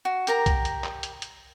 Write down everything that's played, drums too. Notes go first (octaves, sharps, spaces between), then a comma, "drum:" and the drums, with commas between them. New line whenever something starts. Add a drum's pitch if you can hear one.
F#4
G4 A#4 A#5, drum: hi-hat
drum: kick, hi-hat
drum: hi-hat
drum: clap
drum: hi-hat
drum: hi-hat